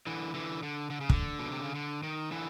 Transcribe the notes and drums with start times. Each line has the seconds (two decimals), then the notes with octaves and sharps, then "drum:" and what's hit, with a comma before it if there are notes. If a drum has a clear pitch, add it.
0.07 D3 E3
0.34 D3 E3
0.63 D3
0.90 D3
1.01 C#3
1.10 D3, drum: kick
1.39 B2
1.51 C3
1.63 C#3
1.75 D3
2.03 D#3
2.31 D3 E3